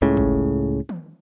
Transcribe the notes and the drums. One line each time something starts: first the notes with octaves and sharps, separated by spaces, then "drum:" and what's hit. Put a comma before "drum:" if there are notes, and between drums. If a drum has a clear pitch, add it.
C#2 A2 C#3
drum: kick G1
drum: tom